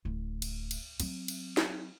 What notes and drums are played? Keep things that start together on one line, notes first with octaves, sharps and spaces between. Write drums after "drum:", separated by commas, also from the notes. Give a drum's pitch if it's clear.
D1
drum: cymbal
drum: cymbal
F#3 C4, drum: cymbal
drum: cymbal
drum: snare